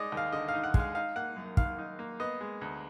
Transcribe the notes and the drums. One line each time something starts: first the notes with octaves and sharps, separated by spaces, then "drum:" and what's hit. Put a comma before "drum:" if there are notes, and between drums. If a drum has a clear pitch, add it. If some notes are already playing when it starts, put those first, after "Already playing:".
Already playing: G#3 D#4 D5 D#5
D#2 F5
D3 D#5
F5
D#4
F#5
G#3, drum: kick
F5
D#4 F5
A#3 F#5
F#2
D#3 F5, drum: kick
D#4
A#3
B3 D#5
G#3
D2